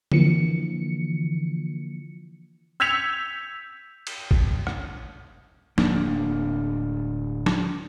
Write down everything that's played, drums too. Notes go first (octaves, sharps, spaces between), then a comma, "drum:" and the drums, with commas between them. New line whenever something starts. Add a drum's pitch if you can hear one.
D3 E3 F3 A#3 C#7, drum: tom D3
E6 G6 G#6 B6 C#7 F7
drum: cymbal
drum: kick
drum: rim click
D1 A#3 D4, drum: snare F#3
drum: snare F#3